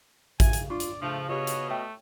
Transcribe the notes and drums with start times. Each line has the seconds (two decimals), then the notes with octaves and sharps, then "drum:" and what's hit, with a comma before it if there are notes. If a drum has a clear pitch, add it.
0.40 C#3 E5 G#5, drum: kick A1, hi-hat
0.53 drum: hi-hat
0.70 D4 F4 D5 C#6
0.80 drum: hi-hat
1.02 C#3 F3 A3 D4
1.29 B2 F4 G4 C#5 D#5
1.47 drum: hi-hat
1.69 A3 C#5 E5 G5